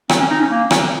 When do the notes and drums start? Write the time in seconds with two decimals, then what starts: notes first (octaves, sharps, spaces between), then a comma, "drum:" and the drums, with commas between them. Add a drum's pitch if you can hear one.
0.09 C4, drum: rim click
0.20 C#4
0.31 D#4
0.40 C#4
0.50 A#3
0.71 drum: rim click